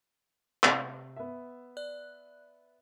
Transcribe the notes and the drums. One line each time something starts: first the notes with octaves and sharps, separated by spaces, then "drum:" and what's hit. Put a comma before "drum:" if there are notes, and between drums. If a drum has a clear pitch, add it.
C3, drum: clap
B3 E5
D5 F#6